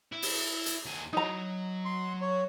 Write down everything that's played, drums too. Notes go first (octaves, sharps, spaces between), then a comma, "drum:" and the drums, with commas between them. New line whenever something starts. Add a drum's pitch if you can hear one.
E4
drum: open hi-hat
drum: hi-hat
D#2 G#5
F#3 D#4 A#5
C6
C#5